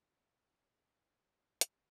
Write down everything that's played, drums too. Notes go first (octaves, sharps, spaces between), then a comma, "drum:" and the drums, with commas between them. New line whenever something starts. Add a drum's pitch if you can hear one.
C3 G#5 A#5
A2 G#3
drum: hi-hat